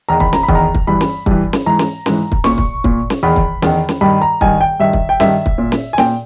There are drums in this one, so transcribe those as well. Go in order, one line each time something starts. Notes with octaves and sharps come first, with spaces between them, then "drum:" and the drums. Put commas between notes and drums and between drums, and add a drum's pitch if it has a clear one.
E2 D#3 A#5
B5, drum: kick
A#5, drum: snare
B5
E2 D#3, drum: kick
A#5
drum: kick
G2 E3 B5
drum: snare
G2 E3, drum: kick
drum: snare
G#2 E3 A#5
drum: snare
G#2 E3, drum: snare
drum: kick
A#2 C#6, drum: snare
drum: kick
A#2, drum: kick
drum: snare
E2 D#3 B5
drum: kick
E2 D#3, drum: snare
drum: snare
G2 D#3 B5
A#5
G2 D#3 G#5, drum: kick
G5
G2 D#3 E5
drum: kick
G5
G2 D#3 E5, drum: snare
drum: kick
A#2
drum: snare
G#5
A#2 G5, drum: snare